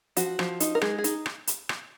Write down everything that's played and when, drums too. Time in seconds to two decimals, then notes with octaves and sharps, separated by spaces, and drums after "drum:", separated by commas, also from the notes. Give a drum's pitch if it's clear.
0.17 F3 F#4, drum: hi-hat
0.39 F3, drum: rim click
0.60 D#4, drum: hi-hat
0.75 A#4
0.81 G#3 G#4, drum: rim click
0.98 G#4
1.04 D#4, drum: hi-hat
1.26 drum: rim click
1.47 drum: hi-hat
1.69 drum: rim click